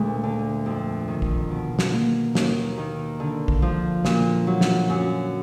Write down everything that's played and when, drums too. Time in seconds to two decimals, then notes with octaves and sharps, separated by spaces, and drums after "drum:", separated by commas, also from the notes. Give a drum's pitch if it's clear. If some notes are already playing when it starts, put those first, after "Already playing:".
Already playing: D2 A#2 G#3
0.24 D3
0.66 F2
1.08 D#3
1.22 drum: kick
1.50 B2
1.79 drum: snare
1.93 A#3
2.35 D#2, drum: snare
2.78 D#3
3.20 D3
3.48 drum: kick
3.62 F3
4.05 A#2, drum: snare
4.47 F#3
4.61 drum: snare
4.89 F#2